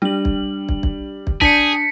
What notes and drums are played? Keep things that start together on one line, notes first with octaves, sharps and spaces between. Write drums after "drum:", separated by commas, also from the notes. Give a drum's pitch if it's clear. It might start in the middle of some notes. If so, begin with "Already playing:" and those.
G3 D4 F#7
drum: kick
drum: kick
drum: kick
drum: kick
D4 G#4 A5 G6 B6 C#7, drum: kick